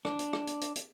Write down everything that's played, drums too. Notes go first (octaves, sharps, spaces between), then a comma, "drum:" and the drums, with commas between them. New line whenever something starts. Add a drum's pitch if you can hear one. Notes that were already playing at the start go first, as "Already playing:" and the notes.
D4, drum: rim click
drum: hi-hat
drum: rim click
drum: hi-hat
drum: hi-hat
drum: hi-hat